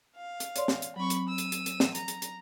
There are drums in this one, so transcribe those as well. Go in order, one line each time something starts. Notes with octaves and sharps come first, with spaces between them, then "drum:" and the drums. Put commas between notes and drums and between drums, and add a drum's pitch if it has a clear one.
F5
drum: hi-hat
C#5 D5 C6, drum: hi-hat
drum: snare
drum: hi-hat
F#3 C4 B5 C#6
drum: hi-hat
E6 D#7
drum: hi-hat
drum: hi-hat
drum: hi-hat
drum: snare
A#5, drum: hi-hat
drum: hi-hat
drum: hi-hat